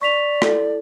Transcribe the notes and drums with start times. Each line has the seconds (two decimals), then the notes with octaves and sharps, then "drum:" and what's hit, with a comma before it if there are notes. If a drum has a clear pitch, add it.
0.01 D5 C#6 B6 F7
0.42 E4 A4, drum: rim click